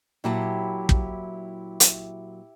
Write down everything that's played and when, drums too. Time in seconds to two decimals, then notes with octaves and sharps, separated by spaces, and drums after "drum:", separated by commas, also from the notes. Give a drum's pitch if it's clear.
0.24 A#2 F#3 E4 G4 A5
0.89 drum: kick
1.80 drum: hi-hat